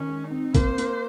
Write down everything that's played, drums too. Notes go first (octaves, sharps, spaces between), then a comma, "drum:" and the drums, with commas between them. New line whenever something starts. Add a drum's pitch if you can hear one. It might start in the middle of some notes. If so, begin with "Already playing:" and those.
Already playing: D#3 C#4
G#3
D#4
C4
A#3 C5, drum: kick, hi-hat
A#3, drum: hi-hat